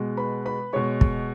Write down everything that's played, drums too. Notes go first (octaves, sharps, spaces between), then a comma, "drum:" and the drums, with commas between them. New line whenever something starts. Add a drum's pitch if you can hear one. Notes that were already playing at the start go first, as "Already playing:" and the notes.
Already playing: B2 G#3
B4 B5
B4 B5
B2 G#3 C#5 C#6
drum: kick